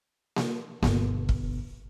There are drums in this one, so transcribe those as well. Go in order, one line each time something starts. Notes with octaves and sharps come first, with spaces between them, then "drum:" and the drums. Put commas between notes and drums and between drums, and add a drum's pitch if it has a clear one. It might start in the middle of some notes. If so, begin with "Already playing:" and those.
drum: snare A#3
G1 B2, drum: snare A#3
drum: kick